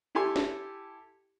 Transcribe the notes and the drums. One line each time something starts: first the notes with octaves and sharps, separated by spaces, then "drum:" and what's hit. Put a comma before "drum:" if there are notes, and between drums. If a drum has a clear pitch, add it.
E4 G4 A4 G#5 C6
drum: snare